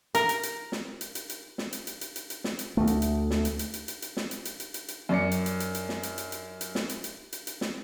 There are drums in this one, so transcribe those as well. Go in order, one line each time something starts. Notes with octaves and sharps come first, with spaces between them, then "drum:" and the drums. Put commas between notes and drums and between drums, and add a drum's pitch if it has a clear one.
A#4, drum: hi-hat
drum: hi-hat
drum: hi-hat
drum: snare
drum: hi-hat
drum: hi-hat
drum: hi-hat
drum: snare
drum: hi-hat
drum: hi-hat
drum: hi-hat
drum: hi-hat
drum: hi-hat
drum: snare
drum: hi-hat
D2 A3
drum: hi-hat
drum: hi-hat
drum: snare
drum: hi-hat
drum: hi-hat
drum: hi-hat
drum: hi-hat
drum: hi-hat
drum: snare
drum: hi-hat
drum: hi-hat
drum: hi-hat
drum: hi-hat
drum: hi-hat
F#2 D5 C#7
drum: hi-hat
drum: hi-hat
drum: hi-hat
drum: hi-hat
drum: snare
drum: hi-hat
drum: hi-hat
drum: hi-hat
drum: hi-hat
drum: snare
drum: hi-hat
drum: hi-hat
drum: hi-hat
drum: hi-hat
drum: snare